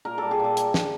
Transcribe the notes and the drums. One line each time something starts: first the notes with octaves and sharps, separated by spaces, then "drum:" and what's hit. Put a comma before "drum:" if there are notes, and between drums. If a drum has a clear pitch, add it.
A#2 A#4
G3 A4
G#4
A#2 A4
drum: hi-hat
drum: snare